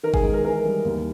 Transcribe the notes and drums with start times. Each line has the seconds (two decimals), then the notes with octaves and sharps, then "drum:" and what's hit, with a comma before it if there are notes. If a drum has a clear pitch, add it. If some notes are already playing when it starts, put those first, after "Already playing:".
0.03 D#3 A#4
0.14 G#4, drum: kick G#1
0.23 G#3
0.34 A#4
0.44 E3 A#4
0.65 G3
0.85 D#2